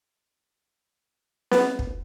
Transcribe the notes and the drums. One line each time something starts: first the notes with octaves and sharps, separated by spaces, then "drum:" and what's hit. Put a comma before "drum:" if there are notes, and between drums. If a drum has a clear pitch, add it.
B3, drum: snare
drum: kick